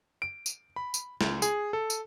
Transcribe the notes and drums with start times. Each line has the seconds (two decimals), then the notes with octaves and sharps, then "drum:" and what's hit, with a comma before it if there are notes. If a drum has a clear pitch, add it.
0.22 D7
0.46 drum: tambourine
0.76 B5
0.94 drum: tambourine
1.21 C#2, drum: snare
1.42 G#4, drum: tambourine
1.73 A4
1.90 drum: tambourine